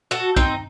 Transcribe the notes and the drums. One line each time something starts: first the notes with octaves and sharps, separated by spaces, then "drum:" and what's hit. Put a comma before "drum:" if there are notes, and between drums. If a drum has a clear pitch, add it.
F#4 A4
C4 D#4, drum: kick